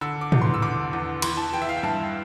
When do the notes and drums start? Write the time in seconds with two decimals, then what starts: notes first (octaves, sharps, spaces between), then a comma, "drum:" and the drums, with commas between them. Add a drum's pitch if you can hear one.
0.01 D3 E6
0.21 D6
0.32 E2, drum: tom
0.42 C6
0.54 E6
0.62 D3 D6
0.93 E2
1.22 E3 C6, drum: cymbal
1.37 A5
1.53 E3 G5
1.62 E5
1.69 F5
1.77 G5
1.83 G2 A5